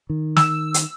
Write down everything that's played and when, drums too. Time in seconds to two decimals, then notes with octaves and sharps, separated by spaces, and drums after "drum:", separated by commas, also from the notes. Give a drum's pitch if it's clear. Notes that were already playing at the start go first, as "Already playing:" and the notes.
0.10 D#3
0.37 E6, drum: snare
0.74 drum: hi-hat